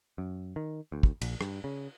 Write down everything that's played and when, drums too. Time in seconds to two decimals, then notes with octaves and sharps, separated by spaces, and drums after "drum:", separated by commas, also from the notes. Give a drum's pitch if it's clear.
0.18 F#2
0.56 D#3
0.92 D2
1.03 drum: kick
1.22 A#1, drum: cymbal
1.41 G2, drum: rim click
1.64 C#3